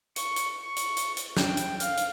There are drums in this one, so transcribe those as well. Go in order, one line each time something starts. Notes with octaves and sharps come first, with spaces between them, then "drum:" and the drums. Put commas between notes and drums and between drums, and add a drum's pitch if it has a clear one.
C#6, drum: hi-hat
drum: hi-hat
C#6
drum: hi-hat
drum: hi-hat
drum: hi-hat
G5, drum: snare
drum: hi-hat
F5, drum: hi-hat
drum: hi-hat